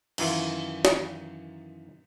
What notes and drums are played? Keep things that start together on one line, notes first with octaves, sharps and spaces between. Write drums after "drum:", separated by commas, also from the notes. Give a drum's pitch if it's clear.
F#2 D#3 E3 F4, drum: cymbal
drum: snare